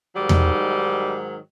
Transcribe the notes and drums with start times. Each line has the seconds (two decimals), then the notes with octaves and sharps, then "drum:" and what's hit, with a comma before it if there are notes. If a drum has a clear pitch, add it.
0.15 G#2 D#3 F#3 G3
0.29 drum: tom E2